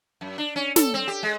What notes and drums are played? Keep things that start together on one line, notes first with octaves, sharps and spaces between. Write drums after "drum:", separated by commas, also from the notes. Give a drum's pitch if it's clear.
F#2
D4
C#4
A4, drum: snare
C4
G4
G#3